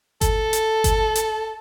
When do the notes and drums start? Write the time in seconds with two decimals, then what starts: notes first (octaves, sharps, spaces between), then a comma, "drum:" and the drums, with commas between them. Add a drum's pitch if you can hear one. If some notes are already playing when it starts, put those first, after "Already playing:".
0.21 A4, drum: kick G1, hi-hat
0.53 drum: hi-hat
0.84 drum: kick G1, hi-hat
1.15 drum: hi-hat